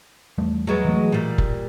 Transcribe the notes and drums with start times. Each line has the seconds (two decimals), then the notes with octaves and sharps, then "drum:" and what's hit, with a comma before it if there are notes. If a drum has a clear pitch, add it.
0.38 E2 G3 A3
0.67 F#3 G#3 B3
0.85 E3 A3
1.12 A#2 G3
1.38 drum: kick F1